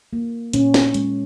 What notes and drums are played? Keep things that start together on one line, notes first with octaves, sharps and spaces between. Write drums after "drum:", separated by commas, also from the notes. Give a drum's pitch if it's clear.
A#3
A#2 C#4, drum: hi-hat
drum: snare
G#3, drum: hi-hat